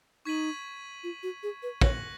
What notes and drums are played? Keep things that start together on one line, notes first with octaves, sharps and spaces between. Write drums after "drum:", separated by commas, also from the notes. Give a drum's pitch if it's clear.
D#4 C#6 G#6 B6 D#7 F#7
F4
F#4
G#4
B4
C#5 F#6 A#6 C#7 F#7, drum: kick